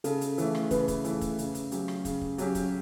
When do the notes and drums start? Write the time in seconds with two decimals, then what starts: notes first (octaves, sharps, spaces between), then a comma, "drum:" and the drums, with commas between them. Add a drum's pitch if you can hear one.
0.04 C#3 A4, drum: hi-hat
0.21 drum: hi-hat
0.38 E3 A3, drum: hi-hat
0.55 drum: rim click
0.71 C#3 B4, drum: kick, hi-hat
0.88 drum: kick, hi-hat
1.05 E3 A3, drum: hi-hat
1.21 drum: kick, hi-hat
1.39 C#3, drum: hi-hat
1.55 drum: hi-hat
1.72 F#3 C#4 G4, drum: hi-hat
1.88 drum: rim click
2.05 C#3, drum: kick, hi-hat
2.21 drum: kick
2.38 F#3 C#4 G4, drum: hi-hat
2.55 drum: kick, hi-hat